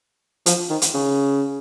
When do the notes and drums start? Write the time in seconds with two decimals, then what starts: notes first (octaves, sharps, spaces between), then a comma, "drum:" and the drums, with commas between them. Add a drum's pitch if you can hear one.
0.46 F3, drum: hi-hat
0.70 D#3
0.82 drum: hi-hat
0.94 C#3